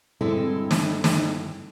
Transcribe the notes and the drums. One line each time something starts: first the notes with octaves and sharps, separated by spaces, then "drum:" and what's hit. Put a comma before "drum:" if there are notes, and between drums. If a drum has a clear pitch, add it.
G2 D3 G#3 C4 E4 A4
drum: snare
drum: snare